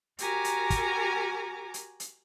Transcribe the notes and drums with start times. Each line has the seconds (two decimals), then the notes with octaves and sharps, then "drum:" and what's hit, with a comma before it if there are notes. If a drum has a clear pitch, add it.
0.19 F#4 G4 A#4 G#5 A#5 D6, drum: hi-hat
0.44 drum: hi-hat
0.70 drum: kick, hi-hat
1.74 drum: hi-hat
2.00 drum: hi-hat